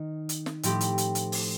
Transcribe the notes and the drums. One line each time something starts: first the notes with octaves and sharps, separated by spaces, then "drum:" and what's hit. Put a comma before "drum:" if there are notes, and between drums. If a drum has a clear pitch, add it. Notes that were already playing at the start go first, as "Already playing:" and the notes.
Already playing: D#3 D#4
drum: hi-hat
drum: snare
A2 F3 C4 G4, drum: hi-hat
drum: hi-hat
drum: hi-hat
drum: hi-hat
drum: open hi-hat